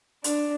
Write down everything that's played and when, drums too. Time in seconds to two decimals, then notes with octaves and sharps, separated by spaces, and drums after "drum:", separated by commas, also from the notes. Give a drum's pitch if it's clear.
0.24 D4, drum: hi-hat